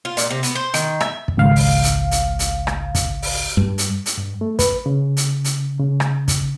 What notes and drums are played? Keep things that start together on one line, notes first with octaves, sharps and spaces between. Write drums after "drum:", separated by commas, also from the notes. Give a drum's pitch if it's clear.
F4
A#2, drum: hi-hat
C3
B3, drum: hi-hat
C5
D#3, drum: hi-hat
E5, drum: rim click
drum: kick
G#1 C#2 F5
drum: open hi-hat
drum: hi-hat
drum: hi-hat
drum: hi-hat
drum: rim click
drum: kick, hi-hat
drum: open hi-hat
G2
drum: hi-hat
drum: hi-hat
G2
A3
B4, drum: kick, hi-hat
C#3
drum: hi-hat
drum: hi-hat
C#3
drum: rim click
drum: kick, hi-hat